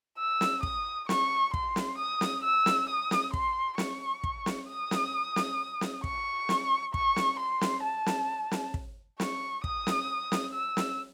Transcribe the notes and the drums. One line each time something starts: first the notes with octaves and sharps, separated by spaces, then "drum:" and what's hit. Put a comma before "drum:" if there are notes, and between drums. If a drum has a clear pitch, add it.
E6
drum: snare
D#6, drum: kick
C#6, drum: snare
C6, drum: kick
drum: snare
D#6
drum: snare
E6
drum: snare
D#6
drum: snare
C6, drum: kick
C#6, drum: snare
drum: kick
drum: snare
D#6
drum: snare
drum: snare
drum: snare
C#6, drum: kick
drum: snare
C#6, drum: kick
drum: snare
C6
drum: snare
A5
drum: snare
drum: snare
drum: kick
C#6, drum: snare
D#6, drum: kick
drum: snare
drum: snare
E6
drum: snare